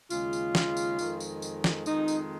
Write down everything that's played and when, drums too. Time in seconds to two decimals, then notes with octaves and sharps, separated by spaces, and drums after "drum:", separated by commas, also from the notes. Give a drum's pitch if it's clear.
0.10 D#2 C#3 G#3 F4, drum: tambourine
0.33 drum: tambourine
0.55 drum: snare
0.77 drum: tambourine
0.99 F2 D#3 G#3, drum: tambourine
1.20 drum: tambourine
1.42 drum: tambourine
1.64 drum: snare
1.86 F2 D#3 G#3 D#4, drum: tambourine
2.08 drum: tambourine